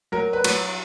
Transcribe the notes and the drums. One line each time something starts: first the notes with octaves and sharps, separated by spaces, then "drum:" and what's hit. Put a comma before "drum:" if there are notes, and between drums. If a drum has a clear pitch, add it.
F#3 A#4
B4
F#3, drum: cymbal